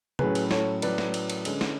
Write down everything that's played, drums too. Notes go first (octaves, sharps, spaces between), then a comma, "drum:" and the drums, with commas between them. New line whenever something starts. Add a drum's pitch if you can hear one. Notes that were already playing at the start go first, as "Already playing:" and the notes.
A2 F#3 C#4 G#4 B4, drum: tom
drum: cymbal
A4 C#5, drum: snare
A2 F#3 C#4 B4 D5, drum: cymbal
drum: snare
drum: cymbal
drum: cymbal
D3 G#3 C#4, drum: cymbal
drum: snare